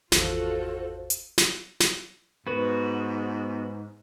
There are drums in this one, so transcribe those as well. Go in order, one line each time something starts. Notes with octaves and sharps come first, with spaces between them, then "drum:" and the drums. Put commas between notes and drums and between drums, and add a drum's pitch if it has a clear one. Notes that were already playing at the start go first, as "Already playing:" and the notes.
G#1 E2 F4 F#4 A4 C5, drum: snare
drum: hi-hat
drum: snare
drum: snare
G#2 B3 F#4 B4